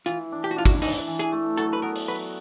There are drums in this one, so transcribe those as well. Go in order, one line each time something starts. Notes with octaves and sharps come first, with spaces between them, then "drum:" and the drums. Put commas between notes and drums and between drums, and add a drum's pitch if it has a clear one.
E3 F4, drum: hi-hat
D4
G4
F#4
D4 F4
F#4, drum: kick, hi-hat
E3 D#4, drum: open hi-hat
E3
G#4, drum: hi-hat
A3
F#3 A4, drum: hi-hat
B4
B3 A#4
drum: open hi-hat
F#3 B4